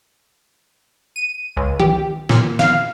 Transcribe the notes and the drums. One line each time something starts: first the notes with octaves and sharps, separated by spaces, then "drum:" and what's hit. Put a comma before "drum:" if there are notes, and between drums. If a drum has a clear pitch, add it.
D#7
C#2
G4, drum: tom D#3
A#2, drum: snare
F5, drum: snare